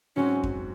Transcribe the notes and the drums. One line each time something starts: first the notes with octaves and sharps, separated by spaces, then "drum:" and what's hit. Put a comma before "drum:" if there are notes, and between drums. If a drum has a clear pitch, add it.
G#2 F#3 C4 C#4 F#4
drum: kick F2